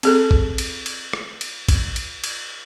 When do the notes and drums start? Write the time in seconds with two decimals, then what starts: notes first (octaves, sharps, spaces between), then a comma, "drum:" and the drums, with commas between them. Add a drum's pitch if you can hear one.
0.03 C4 G#4 A4, drum: cymbal
0.31 drum: kick
0.58 drum: cymbal
0.86 drum: cymbal
1.13 drum: rim click
1.41 drum: cymbal
1.69 drum: kick, cymbal
1.96 drum: cymbal
2.24 drum: cymbal